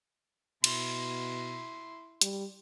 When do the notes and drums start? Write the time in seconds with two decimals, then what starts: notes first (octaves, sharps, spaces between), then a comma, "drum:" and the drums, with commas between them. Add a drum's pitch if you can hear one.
0.64 B2 E4 C6, drum: cymbal
2.22 G3, drum: hi-hat